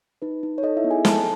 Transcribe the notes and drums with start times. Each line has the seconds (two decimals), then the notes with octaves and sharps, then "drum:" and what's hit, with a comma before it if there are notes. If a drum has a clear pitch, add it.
0.22 D#4 B4
0.43 D#4
0.58 C#5
0.63 D#4 A4 D#5
0.77 E4 E5
0.84 B3
0.91 G#4 G#5
1.05 A4 A5, drum: snare